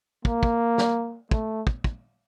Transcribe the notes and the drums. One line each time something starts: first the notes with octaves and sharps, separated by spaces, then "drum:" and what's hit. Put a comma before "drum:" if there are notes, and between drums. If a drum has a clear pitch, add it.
A#3, drum: kick
drum: kick
drum: snare
A3, drum: kick
drum: kick
drum: kick